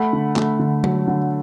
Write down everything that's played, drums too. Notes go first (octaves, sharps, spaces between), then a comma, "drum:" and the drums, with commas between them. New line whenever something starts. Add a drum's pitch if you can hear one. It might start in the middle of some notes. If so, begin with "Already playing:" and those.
Already playing: A3 F#5 B5
D3
A3, drum: clap
D3
F#3, drum: tom F#3
D3